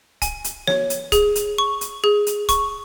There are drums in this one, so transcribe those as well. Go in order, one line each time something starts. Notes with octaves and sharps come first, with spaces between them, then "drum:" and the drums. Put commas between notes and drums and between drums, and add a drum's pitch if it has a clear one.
G#5, drum: kick, hi-hat
drum: hi-hat
C#5, drum: snare
drum: hi-hat
G#4, drum: kick, hi-hat
drum: hi-hat
C#6
drum: hi-hat
G#4
drum: hi-hat
C#6, drum: kick, hi-hat